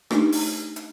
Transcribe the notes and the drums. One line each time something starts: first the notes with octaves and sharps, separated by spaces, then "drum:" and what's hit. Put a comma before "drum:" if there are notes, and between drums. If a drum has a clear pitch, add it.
A3 D4 D#4 G4, drum: rim click
drum: open hi-hat
drum: hi-hat